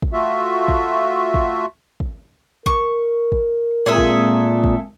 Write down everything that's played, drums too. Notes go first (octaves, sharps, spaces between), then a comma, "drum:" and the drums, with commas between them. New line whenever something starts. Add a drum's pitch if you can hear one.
drum: kick
A3 F4 F#4 E5
drum: kick
drum: kick
drum: kick
A#4 C#6, drum: kick
drum: kick
A#2 G#3 C4 G#4 A4 E5 D#6
drum: kick
drum: kick